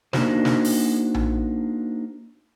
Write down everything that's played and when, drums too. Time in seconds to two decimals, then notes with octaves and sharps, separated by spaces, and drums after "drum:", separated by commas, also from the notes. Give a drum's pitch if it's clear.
0.13 A#3 D4 D#4 F#4 C5, drum: snare
0.45 drum: snare
0.65 drum: open hi-hat
1.14 drum: tom A#1